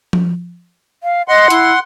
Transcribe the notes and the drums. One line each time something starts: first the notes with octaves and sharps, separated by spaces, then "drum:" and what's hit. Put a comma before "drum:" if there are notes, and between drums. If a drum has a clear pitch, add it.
drum: tom F3
F5
D#5 F#5 C6
E4, drum: hi-hat